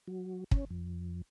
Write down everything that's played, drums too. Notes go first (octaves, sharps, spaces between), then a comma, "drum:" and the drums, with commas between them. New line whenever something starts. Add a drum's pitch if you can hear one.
F#3
C#4, drum: kick
F2